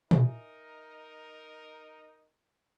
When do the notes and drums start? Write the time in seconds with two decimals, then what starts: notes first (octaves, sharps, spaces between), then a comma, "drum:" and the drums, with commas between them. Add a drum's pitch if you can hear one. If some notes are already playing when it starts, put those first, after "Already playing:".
0.11 D#4 A#4 E5 G#5, drum: tom